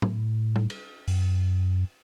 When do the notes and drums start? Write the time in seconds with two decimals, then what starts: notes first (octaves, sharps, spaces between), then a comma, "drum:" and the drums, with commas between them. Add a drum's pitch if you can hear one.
0.02 A2, drum: tom A2
0.56 drum: tom G3
0.70 drum: cymbal
1.08 F#2, drum: open hi-hat